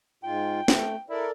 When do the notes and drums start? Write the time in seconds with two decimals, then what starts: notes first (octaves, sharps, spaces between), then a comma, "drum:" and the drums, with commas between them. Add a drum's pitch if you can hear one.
0.24 G#2 G#3 F4 G5
0.68 A3, drum: snare
1.10 E4 A4 A#4 D5